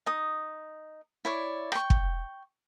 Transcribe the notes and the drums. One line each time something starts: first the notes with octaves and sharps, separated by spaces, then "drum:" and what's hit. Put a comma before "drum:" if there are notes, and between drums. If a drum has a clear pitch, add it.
D#4 D#6
E4 C#5 D5
G5 C#6, drum: rim click
drum: kick